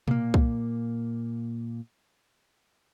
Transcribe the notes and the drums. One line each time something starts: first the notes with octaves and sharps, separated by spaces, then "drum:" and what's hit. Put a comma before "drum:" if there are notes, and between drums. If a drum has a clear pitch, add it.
A#2 A#3, drum: tom B2
drum: kick